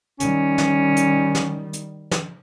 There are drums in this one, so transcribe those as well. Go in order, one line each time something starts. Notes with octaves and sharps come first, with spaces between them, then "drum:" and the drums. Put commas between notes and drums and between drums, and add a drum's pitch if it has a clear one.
D#3 G3 C#4, drum: hi-hat
drum: snare
drum: hi-hat
drum: snare
drum: hi-hat
drum: snare